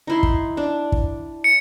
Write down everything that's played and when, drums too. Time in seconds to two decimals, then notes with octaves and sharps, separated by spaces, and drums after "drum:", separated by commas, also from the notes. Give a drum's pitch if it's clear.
0.07 D#4 E4 C6
0.23 drum: kick
0.57 D4
0.92 drum: kick
1.44 C#7